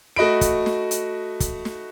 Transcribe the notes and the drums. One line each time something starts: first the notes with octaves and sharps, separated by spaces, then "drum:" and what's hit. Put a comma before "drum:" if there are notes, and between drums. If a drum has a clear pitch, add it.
A3 F#4 D#5 B5 D7
drum: kick, hi-hat
drum: snare
drum: hi-hat
drum: kick, hi-hat
drum: snare